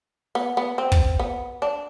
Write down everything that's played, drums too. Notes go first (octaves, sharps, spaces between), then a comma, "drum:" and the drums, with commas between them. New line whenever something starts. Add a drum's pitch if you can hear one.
B3
B3
C4
drum: kick
B3
D4